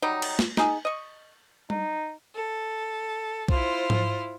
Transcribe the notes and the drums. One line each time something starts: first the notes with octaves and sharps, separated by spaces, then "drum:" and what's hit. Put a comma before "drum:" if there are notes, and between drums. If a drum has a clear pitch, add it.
F#3 G3 D#4
drum: cymbal
drum: snare
D#4 G#4, drum: snare
D#5 C#6
D#4, drum: tom G3
A4
E4 F4 C5, drum: kick B1
drum: tom G#2